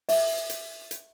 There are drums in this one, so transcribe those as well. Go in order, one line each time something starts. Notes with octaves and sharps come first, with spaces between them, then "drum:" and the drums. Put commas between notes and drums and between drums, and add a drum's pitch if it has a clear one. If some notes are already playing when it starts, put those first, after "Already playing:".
E5, drum: open hi-hat
drum: hi-hat
drum: hi-hat